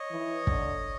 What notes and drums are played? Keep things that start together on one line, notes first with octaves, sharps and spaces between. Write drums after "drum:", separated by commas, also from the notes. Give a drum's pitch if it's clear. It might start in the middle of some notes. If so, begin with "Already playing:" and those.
Already playing: C#5 D#5
E3
D3, drum: kick